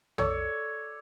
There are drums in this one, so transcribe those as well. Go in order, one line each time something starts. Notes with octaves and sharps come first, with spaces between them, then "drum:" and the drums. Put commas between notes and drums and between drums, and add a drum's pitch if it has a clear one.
A4 C#5 D5, drum: tom